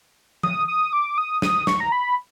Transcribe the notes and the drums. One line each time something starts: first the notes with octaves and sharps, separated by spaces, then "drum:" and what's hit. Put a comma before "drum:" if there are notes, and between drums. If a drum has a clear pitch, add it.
D#6, drum: tom F3
D#6
D6
D#6
D#6, drum: snare
C#6, drum: snare
A#5
B5